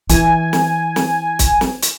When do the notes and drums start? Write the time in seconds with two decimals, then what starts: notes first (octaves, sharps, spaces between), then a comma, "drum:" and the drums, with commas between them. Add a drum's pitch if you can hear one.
0.10 E3 G#5, drum: kick, hi-hat
0.53 drum: snare
0.96 drum: snare
1.39 drum: kick, hi-hat
1.61 drum: snare
1.83 drum: hi-hat